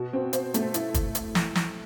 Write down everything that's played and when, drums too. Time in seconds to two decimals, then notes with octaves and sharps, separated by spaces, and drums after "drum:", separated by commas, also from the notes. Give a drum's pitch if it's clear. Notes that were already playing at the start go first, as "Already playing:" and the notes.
Already playing: B2 F#4
0.13 C4
0.33 C5, drum: hi-hat
0.54 A3, drum: hi-hat
0.74 E4, drum: hi-hat
0.94 drum: kick, hi-hat
1.15 drum: hi-hat
1.35 drum: snare
1.55 drum: snare